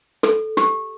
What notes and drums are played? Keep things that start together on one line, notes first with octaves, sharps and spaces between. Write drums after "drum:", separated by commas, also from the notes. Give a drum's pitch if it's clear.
A4, drum: snare
G4, drum: snare